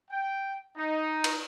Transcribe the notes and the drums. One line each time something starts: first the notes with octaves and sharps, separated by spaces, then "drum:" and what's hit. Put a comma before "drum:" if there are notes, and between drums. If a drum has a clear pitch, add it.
G5
D#4
drum: cymbal